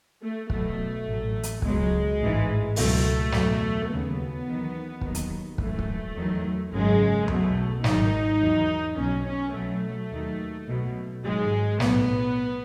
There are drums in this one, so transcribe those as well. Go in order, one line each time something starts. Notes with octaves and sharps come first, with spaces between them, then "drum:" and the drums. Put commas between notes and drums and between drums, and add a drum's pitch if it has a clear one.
A3
B1 B2 F#3 A3, drum: kick
A1 A2 F#3
drum: hi-hat
C#2 B2 F#3 G#3, drum: kick
A1 G#2 E3
C#2 B2 F#3 A3, drum: open hi-hat
E2 B2 F#3, drum: snare
D#2 C#3 F#3 B3
E2 D#3 F#3
D#2 D#3 F#3, drum: kick
drum: hi-hat
G#1 F#2 E3 A3, drum: kick
drum: kick
E2 D#3 F#3
G#1 F#2 C#3 F#3 G#3
B1 B2 F#3 A3, drum: tom E2
G#1 G#2 D#3 F#3 D#4, drum: snare
E2 D#3 F#3
B1 B2 F#3 C#4
C#4
B1 B2 F#3 A3
D#2 D#3 F#3
B1 B2 F#3
G#1 G#2 F#3 G#3
B1 A2 F#3 B3, drum: snare